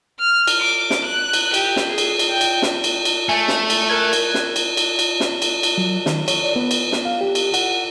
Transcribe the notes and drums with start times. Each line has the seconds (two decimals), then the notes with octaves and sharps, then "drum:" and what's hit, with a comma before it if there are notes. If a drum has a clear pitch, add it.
0.20 F6
0.47 drum: cymbal
0.61 D6
0.90 drum: snare
1.05 F#6
1.33 drum: cymbal
1.54 G4, drum: cymbal
1.76 drum: snare
1.87 G#4
1.98 drum: cymbal
2.19 drum: cymbal
2.29 G5
2.41 drum: cymbal
2.62 drum: snare
2.84 drum: cymbal
3.05 drum: cymbal
3.29 A3 G#5
3.48 drum: snare
3.70 drum: cymbal
3.89 A#4 F#6 G#6
4.13 drum: cymbal
4.34 drum: snare
4.56 drum: cymbal
4.77 drum: cymbal
4.99 drum: cymbal
5.20 drum: snare
5.42 drum: cymbal
5.63 drum: cymbal
5.78 F#3
6.06 D#3, drum: snare
6.28 C#5, drum: cymbal
6.44 D5
6.56 B3
6.71 drum: cymbal
6.92 drum: snare
7.05 F5
7.21 G4
7.35 drum: cymbal
7.54 F#5, drum: cymbal